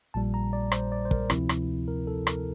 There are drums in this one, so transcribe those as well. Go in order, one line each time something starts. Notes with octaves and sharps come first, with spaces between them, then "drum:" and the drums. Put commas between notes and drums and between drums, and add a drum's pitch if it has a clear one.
A#1 A#2 G3 A5
A#5
D5
C5, drum: rim click
D5
C5
A#4, drum: kick
D2 C3 F3 C4 E4, drum: rim click
drum: rim click
A#4
A4
A#4, drum: rim click